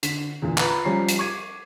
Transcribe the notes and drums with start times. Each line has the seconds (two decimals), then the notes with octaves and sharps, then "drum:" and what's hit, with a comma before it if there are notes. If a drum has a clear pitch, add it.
0.03 D3 B6, drum: hi-hat
0.42 E2 A#2 D3
0.58 F4 B4 A#5 B5, drum: clap
0.84 F3 G3 C#4 C#5 A#5 C7
1.08 drum: hi-hat
1.19 C#6 D6 G#6 D#7